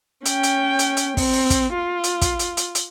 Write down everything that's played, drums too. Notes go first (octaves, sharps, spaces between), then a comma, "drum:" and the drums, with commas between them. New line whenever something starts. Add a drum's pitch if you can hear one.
C#4 G5, drum: hi-hat
drum: hi-hat
drum: hi-hat
drum: hi-hat
C4, drum: kick, open hi-hat
drum: open hi-hat
drum: kick, hi-hat
F4
drum: hi-hat
drum: kick, hi-hat
drum: hi-hat
drum: hi-hat
drum: hi-hat